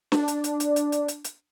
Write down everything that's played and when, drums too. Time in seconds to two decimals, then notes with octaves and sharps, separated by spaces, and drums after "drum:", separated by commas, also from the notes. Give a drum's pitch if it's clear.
0.12 D4, drum: snare
0.28 drum: hi-hat
0.44 drum: hi-hat
0.60 drum: hi-hat
0.76 drum: hi-hat
0.92 drum: hi-hat
1.08 drum: hi-hat
1.25 drum: hi-hat